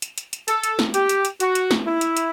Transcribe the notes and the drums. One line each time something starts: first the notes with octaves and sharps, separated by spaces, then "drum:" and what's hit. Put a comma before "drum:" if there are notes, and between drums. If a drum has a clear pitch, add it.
drum: hi-hat
drum: hi-hat
drum: hi-hat
A4, drum: hi-hat
drum: hi-hat
drum: snare
G4, drum: hi-hat
drum: hi-hat
drum: hi-hat
F#4, drum: hi-hat
drum: hi-hat
drum: snare
E4
drum: hi-hat
drum: hi-hat